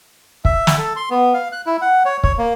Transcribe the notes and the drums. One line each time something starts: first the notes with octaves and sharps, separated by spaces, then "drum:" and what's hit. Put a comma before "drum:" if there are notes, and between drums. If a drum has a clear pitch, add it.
E5, drum: kick
drum: snare
A4
C6
B3
F5
F#6
E4
F#5
C#5
C#5, drum: kick
A#3